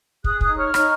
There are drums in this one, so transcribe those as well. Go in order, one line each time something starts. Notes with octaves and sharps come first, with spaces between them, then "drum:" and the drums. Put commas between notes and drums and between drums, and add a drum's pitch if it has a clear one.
G#4 D#6 F#6, drum: kick
D#4 D#6 F#6, drum: kick
C#5 C#6 F6
D#4, drum: rim click